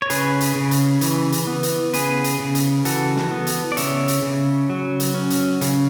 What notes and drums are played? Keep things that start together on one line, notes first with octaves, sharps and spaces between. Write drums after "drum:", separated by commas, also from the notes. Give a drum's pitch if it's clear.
C#5
C#3 G#4 B4, drum: hi-hat
drum: hi-hat
C#3
drum: hi-hat
E3, drum: hi-hat
drum: hi-hat
B3
drum: hi-hat
C#3 G#4 B4, drum: hi-hat
drum: hi-hat
C#3
drum: hi-hat
E3 F#4 A4, drum: hi-hat
drum: snare
B3
drum: hi-hat
D5
C#3 C#5 E5, drum: hi-hat
drum: hi-hat
C#3
F#3
drum: hi-hat
C#4
drum: hi-hat
C#3, drum: hi-hat